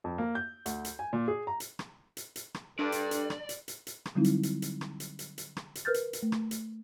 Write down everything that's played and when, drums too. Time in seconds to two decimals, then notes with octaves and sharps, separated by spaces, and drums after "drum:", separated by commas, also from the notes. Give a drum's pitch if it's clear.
0.04 F2
0.18 A#3
0.35 G6
0.66 D2, drum: hi-hat
0.85 drum: hi-hat
0.99 G#5
1.13 A#2
1.28 G#4
1.47 A#5
1.60 drum: hi-hat
1.79 drum: rim click
2.17 drum: hi-hat
2.36 drum: hi-hat
2.54 drum: rim click
2.79 G2 D4 A4 D5
2.92 drum: hi-hat
3.11 drum: hi-hat
3.30 drum: rim click
3.49 drum: hi-hat
3.68 drum: hi-hat
3.87 drum: hi-hat
4.06 drum: rim click
4.15 D3 F#3 G3 C4 D#4 E4
4.24 drum: hi-hat
4.43 drum: hi-hat
4.62 drum: hi-hat
4.81 drum: rim click
5.00 drum: hi-hat
5.19 drum: hi-hat
5.38 drum: hi-hat
5.57 drum: rim click
5.75 drum: hi-hat
5.85 A#4 B4 F6 G6 A6
5.94 drum: hi-hat
6.13 drum: hi-hat
6.22 A3
6.32 drum: rim click
6.51 drum: hi-hat